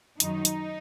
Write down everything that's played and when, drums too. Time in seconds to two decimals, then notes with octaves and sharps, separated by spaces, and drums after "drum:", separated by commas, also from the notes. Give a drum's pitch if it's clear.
0.20 F#2 D#3 F#3 D#4, drum: hi-hat
0.45 drum: hi-hat